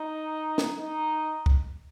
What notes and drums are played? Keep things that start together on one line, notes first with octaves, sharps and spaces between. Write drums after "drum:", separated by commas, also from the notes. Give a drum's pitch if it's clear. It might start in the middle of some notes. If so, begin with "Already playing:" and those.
Already playing: D#4
drum: snare
D#4
drum: kick C2